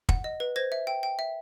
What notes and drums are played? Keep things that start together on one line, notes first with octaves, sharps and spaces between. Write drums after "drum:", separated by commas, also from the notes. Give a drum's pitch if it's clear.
F#5, drum: kick
D#5
B4
C5 G#6 A#6
E5
G5
G5
E5